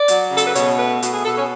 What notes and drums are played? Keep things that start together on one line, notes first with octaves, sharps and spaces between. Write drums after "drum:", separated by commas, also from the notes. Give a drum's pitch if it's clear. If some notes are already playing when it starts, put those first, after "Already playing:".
Already playing: D5
F#3, drum: hi-hat
C#3
A4, drum: hi-hat
B4
B2 C#5, drum: hi-hat
A3 B4
B2 F#4, drum: hi-hat
G#4
B2 A4
C#4